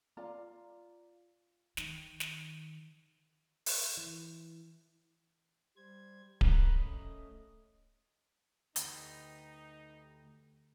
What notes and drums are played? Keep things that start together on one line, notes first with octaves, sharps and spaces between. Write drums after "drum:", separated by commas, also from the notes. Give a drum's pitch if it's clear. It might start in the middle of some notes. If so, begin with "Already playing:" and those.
F4 D5 F5 A#5
D#3, drum: snare
drum: snare
drum: open hi-hat
E3
G3 C5 G#6
A#4 A#5 B5 F#6, drum: kick D1
A3 C#4 D#5
D2 D#4 G4 B4 D#5 D#6, drum: hi-hat